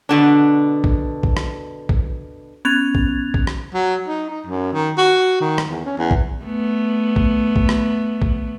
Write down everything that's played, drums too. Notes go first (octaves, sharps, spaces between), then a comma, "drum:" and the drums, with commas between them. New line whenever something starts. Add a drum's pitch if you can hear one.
B2 D3 D4
drum: kick
drum: kick
drum: rim click
drum: kick
B3 C#4 F#6 G#6 A6 F7
drum: kick
drum: kick
drum: rim click
F#3
D#4
D#4
F#2
D#3
F#4
D#3
drum: rim click
E2
C#4
E2
drum: kick
A3 B3
drum: kick
drum: kick
drum: rim click
drum: kick